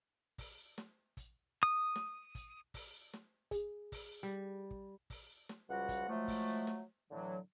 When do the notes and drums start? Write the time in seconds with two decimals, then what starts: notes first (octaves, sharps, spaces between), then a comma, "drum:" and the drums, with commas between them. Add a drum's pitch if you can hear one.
0.38 drum: kick, open hi-hat
0.78 drum: snare
1.17 drum: kick, hi-hat
1.63 D#6
1.96 drum: snare
2.35 drum: kick, hi-hat
2.74 drum: kick, open hi-hat
3.13 drum: snare
3.51 G#4, drum: kick, hi-hat
3.92 drum: kick, open hi-hat
4.23 G3
4.71 drum: kick
5.10 drum: kick, open hi-hat
5.49 drum: snare
5.69 C#2 F3 G3 F#4 F#5
5.89 drum: kick, hi-hat
6.08 F3 F#3 G#3 A3
6.28 drum: kick, open hi-hat
6.67 drum: snare
7.11 A2 D3 E3 F#3